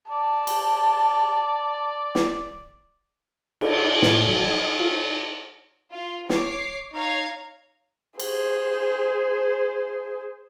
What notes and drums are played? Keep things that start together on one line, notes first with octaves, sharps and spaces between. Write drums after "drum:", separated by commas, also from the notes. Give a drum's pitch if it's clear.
D5 A5
drum: cymbal
drum: snare
drum: cymbal
A2, drum: snare
F#3
D#5
F4
F4
C#5 D6 C7, drum: snare
D#4 C#5 F5 A#5 G#6
G#4 C5, drum: cymbal